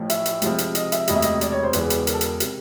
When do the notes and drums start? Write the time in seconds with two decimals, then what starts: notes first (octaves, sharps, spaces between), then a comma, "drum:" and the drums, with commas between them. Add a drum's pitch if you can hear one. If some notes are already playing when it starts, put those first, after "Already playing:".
Already playing: A1 A2 F3
0.10 E5, drum: hi-hat
0.26 drum: hi-hat
0.42 C#2 C3 F3, drum: hi-hat
0.58 drum: hi-hat
0.75 D#5, drum: hi-hat
0.92 E5, drum: hi-hat
1.07 E1 D2 C3 D#5, drum: hi-hat
1.16 E5
1.22 D#5, drum: hi-hat
1.41 D5, drum: hi-hat
1.52 C#5
1.63 C5
1.73 E1 E2 C#3 B4, drum: hi-hat
1.90 drum: hi-hat
2.07 A#4, drum: hi-hat
2.14 A4
2.21 A#4, drum: hi-hat
2.40 C3, drum: hi-hat